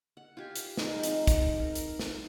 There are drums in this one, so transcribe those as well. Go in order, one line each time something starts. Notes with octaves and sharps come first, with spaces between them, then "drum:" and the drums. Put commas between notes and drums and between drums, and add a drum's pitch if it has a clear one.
F#5
F4 G4 G#5
drum: hi-hat
F3 G#3 D#4 F5, drum: snare
C4 D#4, drum: hi-hat
drum: kick, hi-hat
A#4
drum: hi-hat
drum: snare